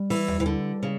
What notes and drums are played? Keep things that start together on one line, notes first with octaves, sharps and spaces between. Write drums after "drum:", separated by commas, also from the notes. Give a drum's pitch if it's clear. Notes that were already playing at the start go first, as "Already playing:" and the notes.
Already playing: G3
E3, drum: open hi-hat
drum: tom D#2
E3
D3
C#3